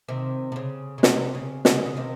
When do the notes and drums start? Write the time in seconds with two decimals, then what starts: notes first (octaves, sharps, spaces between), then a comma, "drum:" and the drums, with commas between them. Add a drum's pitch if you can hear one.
0.08 C3 D#3
0.52 C3
0.56 C#3
0.98 C#3
1.03 C3, drum: snare
1.35 C#3
1.65 C#3, drum: snare
1.86 C#3
1.97 C3 D#3